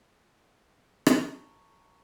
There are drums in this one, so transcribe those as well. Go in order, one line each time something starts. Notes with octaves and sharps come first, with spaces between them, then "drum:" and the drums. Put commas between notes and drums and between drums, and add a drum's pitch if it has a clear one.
A5 A#5 C#6 G7, drum: rim click